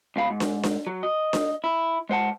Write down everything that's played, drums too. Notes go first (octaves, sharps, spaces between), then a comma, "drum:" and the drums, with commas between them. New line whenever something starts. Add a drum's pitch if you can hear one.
C#2 B2 F5 B5
G#2
drum: snare D4
drum: snare D4
F#3
D#5
drum: snare D4
E4
G#3 C5 F#5 A5